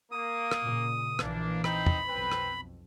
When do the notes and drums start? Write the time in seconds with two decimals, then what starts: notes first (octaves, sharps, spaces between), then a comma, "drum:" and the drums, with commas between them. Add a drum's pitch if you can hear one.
0.12 A#3 D#6
0.52 drum: rim click
0.62 A#2 C#3
1.19 A#1 E3 A#3 D4, drum: rim click
1.64 C4 D#4 B5, drum: rim click
1.86 drum: tom
2.07 B1 F2 C4 B4
2.31 drum: rim click